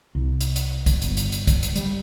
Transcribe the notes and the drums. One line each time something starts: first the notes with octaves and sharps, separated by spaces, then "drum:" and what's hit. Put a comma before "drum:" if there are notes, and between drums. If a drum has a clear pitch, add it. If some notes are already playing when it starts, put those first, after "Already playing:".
C2
drum: hi-hat
drum: hi-hat
drum: kick, hi-hat
G1, drum: hi-hat
drum: hi-hat
drum: hi-hat
drum: kick, hi-hat
drum: hi-hat
G3, drum: hi-hat